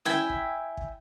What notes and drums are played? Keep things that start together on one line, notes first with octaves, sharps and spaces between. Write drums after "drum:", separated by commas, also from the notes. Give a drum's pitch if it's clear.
E4 E5 G5 G#5, drum: snare C#4
drum: kick
drum: kick